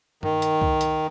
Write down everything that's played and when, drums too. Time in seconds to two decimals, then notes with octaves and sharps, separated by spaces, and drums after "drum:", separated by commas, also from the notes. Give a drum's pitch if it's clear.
0.23 D#3, drum: tom G2
0.42 drum: hi-hat
0.61 drum: kick C2
0.81 drum: hi-hat